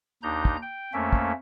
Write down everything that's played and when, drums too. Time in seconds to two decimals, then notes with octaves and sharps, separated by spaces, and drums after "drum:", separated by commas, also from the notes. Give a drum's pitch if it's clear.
0.23 D#2 D4 D#4 A#5 G6
0.45 drum: kick
0.62 G5
0.93 F2 A3 A#3 C#4 E5
1.13 drum: kick